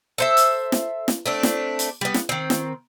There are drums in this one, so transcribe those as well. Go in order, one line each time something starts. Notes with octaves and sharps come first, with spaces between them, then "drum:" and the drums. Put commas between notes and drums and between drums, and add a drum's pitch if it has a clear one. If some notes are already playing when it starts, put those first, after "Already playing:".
A4 C5 E5
drum: hi-hat
drum: snare
drum: snare
A3 C4 D4
drum: snare
drum: hi-hat
G3 B3
drum: snare
D#3 C4
drum: snare